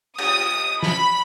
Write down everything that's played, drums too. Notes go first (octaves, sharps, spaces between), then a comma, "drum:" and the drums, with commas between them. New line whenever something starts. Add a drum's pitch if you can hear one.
D#6, drum: cymbal
B5, drum: snare